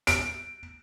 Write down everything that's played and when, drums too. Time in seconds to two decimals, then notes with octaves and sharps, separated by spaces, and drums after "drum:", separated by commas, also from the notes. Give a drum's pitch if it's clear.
0.07 D7, drum: hi-hat